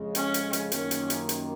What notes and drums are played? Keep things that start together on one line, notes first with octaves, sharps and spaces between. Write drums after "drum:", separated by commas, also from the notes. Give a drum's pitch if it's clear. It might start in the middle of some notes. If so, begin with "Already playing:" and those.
Already playing: F2 C#3 G#3
C#4, drum: hi-hat
drum: hi-hat
drum: hi-hat
F#2 D#3 A#3 C#4 F4, drum: hi-hat
drum: hi-hat
drum: hi-hat
drum: hi-hat